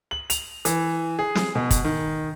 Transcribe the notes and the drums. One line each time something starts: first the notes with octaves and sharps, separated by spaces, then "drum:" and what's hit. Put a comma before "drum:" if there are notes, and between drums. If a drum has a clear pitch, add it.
F#7
F7, drum: hi-hat
E3, drum: hi-hat
G#4
drum: snare
B2
drum: kick, hi-hat
D#3